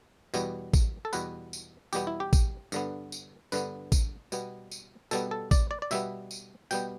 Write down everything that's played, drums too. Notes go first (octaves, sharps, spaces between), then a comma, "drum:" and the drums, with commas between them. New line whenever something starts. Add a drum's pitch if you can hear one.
E2 B2 G3 B3, drum: tambourine
drum: kick A1, tambourine
A4
E2 B2 G3 B3 B4, drum: tambourine
drum: tambourine
E2 B2 G3 B3 G4, drum: tambourine
E4
G4
drum: kick A1, tambourine
G2 D3 B3, drum: tambourine
drum: tambourine
G2 D3 B3 B4, drum: tambourine
drum: kick A1, tambourine
B2 G3 B3, drum: tambourine
drum: tambourine
B2 G3 B3 A4, drum: tambourine
A4
D5, drum: kick A1, tambourine
D5
D5
B2 G3 B3 E5, drum: tambourine
drum: tambourine
B2 G3 B3 G5, drum: tambourine